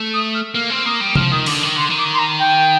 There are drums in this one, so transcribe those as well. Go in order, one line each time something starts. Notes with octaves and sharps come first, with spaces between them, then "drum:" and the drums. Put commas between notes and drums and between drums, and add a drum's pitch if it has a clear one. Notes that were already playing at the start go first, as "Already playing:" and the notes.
Already playing: A3
D#6
F6
A#3 F6
C4 F6
A#3 D#6
G3
F3 F6, drum: tom C3
D#3 D#6
D3 D6, drum: open hi-hat
D#3 D6
D3 C6
D#3
D6
C6
A#5
G5